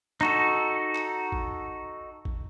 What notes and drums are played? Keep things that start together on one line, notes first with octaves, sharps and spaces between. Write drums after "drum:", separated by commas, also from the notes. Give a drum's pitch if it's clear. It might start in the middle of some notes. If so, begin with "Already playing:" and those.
D#4 F#4 A4, drum: clap
drum: clap
drum: kick A1
drum: kick A1